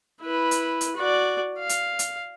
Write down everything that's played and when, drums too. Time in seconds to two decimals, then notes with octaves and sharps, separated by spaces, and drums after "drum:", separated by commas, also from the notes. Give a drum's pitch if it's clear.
0.22 E4 B4
0.51 drum: hi-hat
0.81 drum: hi-hat
0.96 F#4 D5
1.59 F5
1.69 drum: hi-hat
1.99 drum: hi-hat